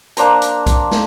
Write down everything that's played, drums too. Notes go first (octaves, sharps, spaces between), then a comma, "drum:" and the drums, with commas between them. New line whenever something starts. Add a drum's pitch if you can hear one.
A#3 D4 C5 A#5, drum: hi-hat
drum: hi-hat
drum: kick B1, hi-hat
drum: snare